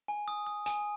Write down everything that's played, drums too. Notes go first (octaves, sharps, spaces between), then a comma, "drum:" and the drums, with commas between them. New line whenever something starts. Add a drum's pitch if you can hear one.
G#5
D#6
D#6
G#5, drum: tambourine